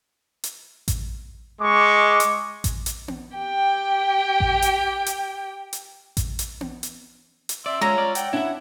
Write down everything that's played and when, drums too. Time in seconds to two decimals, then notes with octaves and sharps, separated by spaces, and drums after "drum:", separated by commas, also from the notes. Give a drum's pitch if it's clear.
0.44 drum: hi-hat
0.88 drum: kick A1, hi-hat
1.61 G#3 C#6 D6
2.20 drum: hi-hat
2.64 drum: kick A1, hi-hat
2.86 drum: hi-hat
3.08 drum: tom B3
3.36 G4 G5
4.40 drum: kick A1
4.62 drum: hi-hat
5.06 drum: hi-hat
5.73 drum: hi-hat
6.17 drum: kick A1, hi-hat
6.39 drum: hi-hat
6.61 drum: tom B3
6.83 drum: hi-hat
7.49 drum: hi-hat
7.66 D5 E5 C6 E6
7.82 G#3 C#4 F4 C#5 A#5 E6
7.98 D5
8.15 F#5 G5, drum: hi-hat
8.33 C#4 D4 E4 E5 F#5